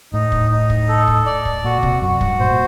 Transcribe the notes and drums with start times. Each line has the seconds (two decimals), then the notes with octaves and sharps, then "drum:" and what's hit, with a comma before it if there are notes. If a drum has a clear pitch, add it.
0.13 A2 D#4
0.32 drum: kick
0.51 D#4
0.70 drum: kick
0.89 A4
1.08 drum: kick
1.26 D5
1.45 drum: kick
1.64 A#2 F#4
1.83 C3, drum: kick
2.02 F#2 F#4
2.21 G2, drum: kick
2.40 A#2 C5
2.51 A#2